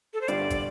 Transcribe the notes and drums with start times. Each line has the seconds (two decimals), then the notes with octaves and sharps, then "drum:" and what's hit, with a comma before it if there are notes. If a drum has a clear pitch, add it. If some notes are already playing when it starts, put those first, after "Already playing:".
0.14 A4
0.21 C5
0.28 G1 G2 D3 G3 D5, drum: hi-hat
0.50 drum: kick, hi-hat